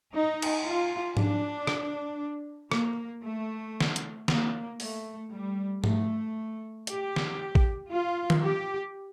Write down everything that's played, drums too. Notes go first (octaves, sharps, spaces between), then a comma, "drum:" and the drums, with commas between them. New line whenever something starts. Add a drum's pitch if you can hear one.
D#4
drum: cymbal
F4
D4, drum: tom G#2
drum: rim click
A#3, drum: rim click
A3
drum: snare
drum: hi-hat
A#3, drum: snare
A3, drum: open hi-hat
G3
A3, drum: tom G#2
G4, drum: hi-hat
drum: snare
drum: kick
F4
drum: tom D#3
G4